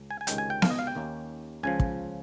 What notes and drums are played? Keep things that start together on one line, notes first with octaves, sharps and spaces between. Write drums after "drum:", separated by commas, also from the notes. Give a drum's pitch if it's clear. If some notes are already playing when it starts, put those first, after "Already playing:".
Already playing: C#2 C#3
G#5
G#5
C#2 C3 D#3 G#3 C#4 G5, drum: hi-hat
G#5
G5
F5, drum: snare B3
D#5
F5
G5
D#2 D#3 A#3 C#4
C#2 C#3 F3 G#5
drum: kick